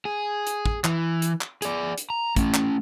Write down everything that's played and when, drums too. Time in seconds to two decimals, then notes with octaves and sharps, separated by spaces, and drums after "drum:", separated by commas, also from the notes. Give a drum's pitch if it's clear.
0.05 G#4
0.47 drum: hi-hat
0.66 drum: kick
0.84 E3, drum: clap
1.22 drum: hi-hat
1.41 drum: clap
1.62 G#4 D5, drum: hi-hat
1.98 drum: hi-hat
2.10 A#5
2.36 A3 C#4, drum: kick, hi-hat
2.54 drum: clap